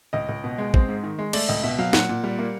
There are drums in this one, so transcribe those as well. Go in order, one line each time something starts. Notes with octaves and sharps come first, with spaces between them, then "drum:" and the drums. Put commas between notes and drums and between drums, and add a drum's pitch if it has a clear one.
C#2 D#5
C#2
B2
G#3
C4, drum: kick
G#2
D#3
G#3
A3 D5, drum: cymbal
C#2 D#5
B2 E5
F#3 F5
A#2 F#5, drum: snare
A#2
G3
A#3